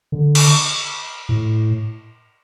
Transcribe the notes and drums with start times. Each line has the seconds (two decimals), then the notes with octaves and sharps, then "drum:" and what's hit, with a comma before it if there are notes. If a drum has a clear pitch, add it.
0.12 D3
0.35 drum: cymbal
1.29 A2